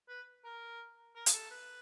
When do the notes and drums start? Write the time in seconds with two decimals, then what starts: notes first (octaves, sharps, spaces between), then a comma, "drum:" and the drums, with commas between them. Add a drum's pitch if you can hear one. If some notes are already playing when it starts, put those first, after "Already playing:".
0.09 B4
0.45 A#4
1.15 A#4
1.26 G#4, drum: hi-hat
1.34 A4
1.51 B4